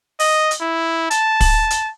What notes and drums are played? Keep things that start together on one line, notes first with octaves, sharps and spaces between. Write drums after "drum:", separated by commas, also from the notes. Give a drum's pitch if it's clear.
D#5, drum: open hi-hat
drum: hi-hat
E4
A5, drum: hi-hat
drum: kick, open hi-hat
drum: hi-hat